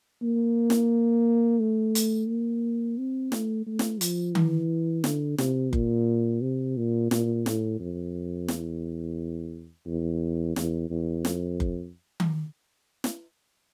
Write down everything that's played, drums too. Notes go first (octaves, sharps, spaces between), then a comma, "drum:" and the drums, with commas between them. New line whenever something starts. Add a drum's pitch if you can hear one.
A#3
drum: snare
A3
drum: hi-hat
A#3
C4
A3, drum: snare
A3
drum: snare
F3, drum: hi-hat
E3, drum: tom D#3
D3, drum: snare
C3, drum: snare
A#2, drum: kick F#1
C3
A#2
A#2, drum: snare
A2, drum: snare
F2
E2, drum: snare
E2
E2, drum: snare
E2
F2, drum: snare
drum: kick F#1
drum: tom D#3
drum: snare